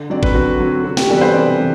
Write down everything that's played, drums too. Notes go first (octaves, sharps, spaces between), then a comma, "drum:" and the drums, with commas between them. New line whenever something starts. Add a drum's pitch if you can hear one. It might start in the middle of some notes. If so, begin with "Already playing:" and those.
Already playing: D3
F#3 C4 D5
B4, drum: kick
D3 F#4
F#3 C4
C3 F#4
G4, drum: snare
E3 G3 B3 D4 A4
B4
C5
C3 D5
E3 G3